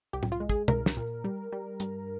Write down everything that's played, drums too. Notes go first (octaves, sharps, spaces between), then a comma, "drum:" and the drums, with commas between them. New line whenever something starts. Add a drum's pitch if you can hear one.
C2 G4
drum: tom A2
F4
G#3
G#4, drum: kick
C2 A#4, drum: tom
drum: snare
A#2
G3
G3
G2, drum: hi-hat